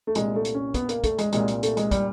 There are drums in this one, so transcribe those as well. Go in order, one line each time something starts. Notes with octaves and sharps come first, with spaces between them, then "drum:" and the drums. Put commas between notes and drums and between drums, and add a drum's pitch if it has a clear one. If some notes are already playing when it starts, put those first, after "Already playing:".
A3
C2 A#2 G#3, drum: hi-hat
A3
drum: hi-hat
C#4
B3, drum: kick, hi-hat
A#3, drum: hi-hat
A3, drum: kick, hi-hat
G#3, drum: hi-hat
C2 A#2 G#3, drum: hi-hat
drum: hi-hat
A3, drum: hi-hat
G#3, drum: hi-hat
G3, drum: kick, hi-hat